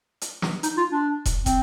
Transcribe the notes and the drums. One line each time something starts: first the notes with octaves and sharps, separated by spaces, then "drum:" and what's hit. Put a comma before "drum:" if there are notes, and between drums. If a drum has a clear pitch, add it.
drum: hi-hat
drum: snare
D#4, drum: hi-hat
F4
D4
drum: kick, hi-hat
C4, drum: kick, hi-hat